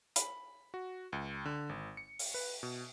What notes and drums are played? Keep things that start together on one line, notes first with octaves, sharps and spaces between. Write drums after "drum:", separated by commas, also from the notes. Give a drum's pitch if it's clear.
B5, drum: hi-hat
F#4
C#2
D3
G#1
C#7
drum: open hi-hat
B4
B2